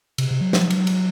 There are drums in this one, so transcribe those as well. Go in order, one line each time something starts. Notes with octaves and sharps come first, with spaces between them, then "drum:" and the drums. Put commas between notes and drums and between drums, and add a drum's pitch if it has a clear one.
C3, drum: cymbal
C3
F#3
F3, drum: snare
F#3, drum: cymbal
drum: cymbal